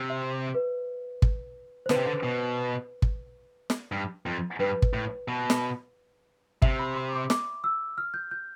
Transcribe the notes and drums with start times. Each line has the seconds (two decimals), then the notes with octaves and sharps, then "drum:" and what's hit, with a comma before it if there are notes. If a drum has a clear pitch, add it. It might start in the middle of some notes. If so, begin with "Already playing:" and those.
Already playing: C3 C5
0.10 E5
0.55 B4
1.22 drum: kick
1.86 C5
1.89 D3 B4, drum: snare
1.97 C3
2.07 D3
2.23 B2
3.02 drum: kick
3.70 drum: snare
3.92 G2
4.26 F2
4.60 G2 B4
4.82 drum: kick
4.93 A2
5.28 B2
5.50 drum: snare
6.62 C3 E5, drum: kick
6.79 B5
6.96 C6
7.13 D6
7.30 D6, drum: snare
7.64 E6
7.98 F6
8.14 G6
8.31 G6